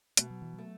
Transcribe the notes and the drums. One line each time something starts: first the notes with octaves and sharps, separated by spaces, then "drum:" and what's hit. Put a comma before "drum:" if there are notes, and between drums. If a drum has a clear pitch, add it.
B2 A3, drum: hi-hat
F#3
E3
F#3 A3